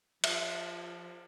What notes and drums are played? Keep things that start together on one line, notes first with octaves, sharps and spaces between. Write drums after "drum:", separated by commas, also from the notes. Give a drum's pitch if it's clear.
F3 E5, drum: cymbal